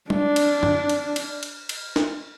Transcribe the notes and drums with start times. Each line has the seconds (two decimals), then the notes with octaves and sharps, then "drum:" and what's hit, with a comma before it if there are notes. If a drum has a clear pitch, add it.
0.10 D4, drum: tom G3
0.36 drum: cymbal
0.63 drum: tom F#2
0.89 drum: cymbal
1.16 drum: cymbal
1.43 drum: cymbal
1.69 drum: cymbal
1.96 drum: snare